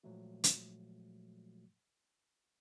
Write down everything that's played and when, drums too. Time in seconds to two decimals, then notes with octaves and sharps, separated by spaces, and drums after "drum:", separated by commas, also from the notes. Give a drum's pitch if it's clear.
0.03 A#2 F3 F#3 G#3 A3 F#4
0.44 drum: hi-hat